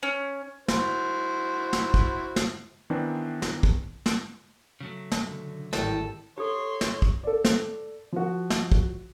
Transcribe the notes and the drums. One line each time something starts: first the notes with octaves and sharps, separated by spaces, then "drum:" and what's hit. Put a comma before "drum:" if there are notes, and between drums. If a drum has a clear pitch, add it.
C#4
E4 F#4 C5, drum: snare
drum: snare
drum: kick
drum: snare
D#3 E3 B3 C4 D4
drum: snare
drum: kick
drum: snare
C#3 F#3 A3
drum: snare
D3
G#1 A2 G3 A4, drum: snare
G4 A4 C#5 C6
drum: snare
drum: kick
A4 D5
drum: snare
F3 F#4
drum: snare
drum: kick